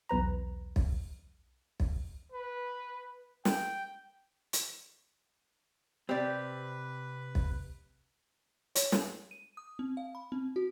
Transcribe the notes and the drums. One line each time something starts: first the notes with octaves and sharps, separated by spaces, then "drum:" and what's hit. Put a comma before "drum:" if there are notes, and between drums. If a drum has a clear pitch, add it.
B1 E2 B4 A#5
drum: kick
drum: kick
B4
G5, drum: snare
drum: hi-hat
C3 C4 G4 B4 D5
drum: kick
C#5, drum: hi-hat
drum: snare
D#7
D#6
C4
F5
B5
C4
F#4